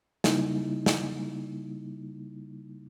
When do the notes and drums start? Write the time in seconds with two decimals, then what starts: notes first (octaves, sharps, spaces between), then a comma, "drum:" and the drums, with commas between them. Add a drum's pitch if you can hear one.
0.24 C#3 G3 A#3 D#4 E4, drum: snare
0.86 drum: snare